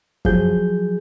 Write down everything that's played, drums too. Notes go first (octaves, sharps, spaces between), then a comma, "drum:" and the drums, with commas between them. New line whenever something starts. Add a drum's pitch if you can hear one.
F3 F#3 G#4 G6, drum: kick F#2